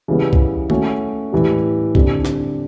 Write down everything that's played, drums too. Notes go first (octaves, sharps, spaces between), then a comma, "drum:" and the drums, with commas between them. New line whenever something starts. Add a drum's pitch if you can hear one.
C#3 E3 G3 B3
drum: kick C2
A3 C#4 F#4, drum: tom D#3
A2 E3 G3
D3 G3 C4, drum: kick C2
drum: snare